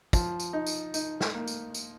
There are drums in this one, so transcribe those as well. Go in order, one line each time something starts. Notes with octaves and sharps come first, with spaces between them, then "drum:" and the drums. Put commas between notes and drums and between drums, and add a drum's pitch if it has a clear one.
F3, drum: kick, tambourine
drum: tambourine
D#4
drum: tambourine
D#4, drum: tambourine
drum: snare
A#3
drum: tambourine
drum: tambourine